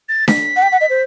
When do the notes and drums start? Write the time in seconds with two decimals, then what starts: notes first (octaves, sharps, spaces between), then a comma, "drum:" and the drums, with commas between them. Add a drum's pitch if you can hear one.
0.09 A6
0.28 B6, drum: snare D4
0.56 F#5
0.62 G5
0.72 F#5
0.81 D#5
0.90 C5